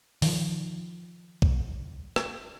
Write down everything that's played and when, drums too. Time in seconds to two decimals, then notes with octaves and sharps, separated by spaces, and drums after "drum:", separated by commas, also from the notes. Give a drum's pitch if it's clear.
0.22 D#3 F3, drum: open hi-hat
1.42 drum: kick B1
2.16 drum: rim click